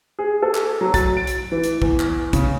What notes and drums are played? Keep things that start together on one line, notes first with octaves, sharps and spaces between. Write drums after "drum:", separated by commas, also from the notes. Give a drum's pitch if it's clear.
G#4
A4
drum: clap
F#3
A6, drum: kick, hi-hat
D7
drum: hi-hat
E3
drum: hi-hat
E2, drum: kick
drum: clap
C#3, drum: kick, hi-hat